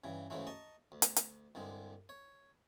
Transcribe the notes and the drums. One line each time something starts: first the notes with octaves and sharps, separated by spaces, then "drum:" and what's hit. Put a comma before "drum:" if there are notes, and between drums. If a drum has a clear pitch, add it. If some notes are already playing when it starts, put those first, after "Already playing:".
G2 C#3 E3
G#2 C#3 E3 F#3 G#3 A3
D#5 A5 A#5 C#6
D2
drum: hi-hat
drum: hi-hat
C2 G2 D3 G#3
C#5